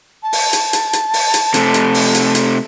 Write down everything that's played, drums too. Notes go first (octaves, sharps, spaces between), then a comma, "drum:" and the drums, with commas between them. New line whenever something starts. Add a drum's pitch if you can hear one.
A5
drum: open hi-hat
drum: hi-hat
drum: hi-hat
drum: hi-hat
drum: open hi-hat
drum: hi-hat
C3 A3, drum: hi-hat
drum: hi-hat
drum: open hi-hat
drum: hi-hat
drum: hi-hat